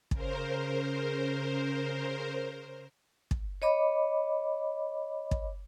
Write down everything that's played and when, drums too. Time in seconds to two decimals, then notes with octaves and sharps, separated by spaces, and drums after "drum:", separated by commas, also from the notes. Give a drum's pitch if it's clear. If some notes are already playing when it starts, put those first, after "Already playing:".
0.11 C#3 A#4 C5, drum: kick
3.31 drum: kick
3.62 C#5 D#5 B5 D6
5.31 drum: kick